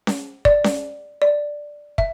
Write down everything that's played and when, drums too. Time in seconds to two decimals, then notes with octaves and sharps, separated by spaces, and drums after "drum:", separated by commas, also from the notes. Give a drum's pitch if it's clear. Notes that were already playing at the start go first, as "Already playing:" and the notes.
0.07 drum: snare C#4
0.45 D5, drum: kick
0.64 drum: snare C#4
1.22 D5
1.98 E5, drum: kick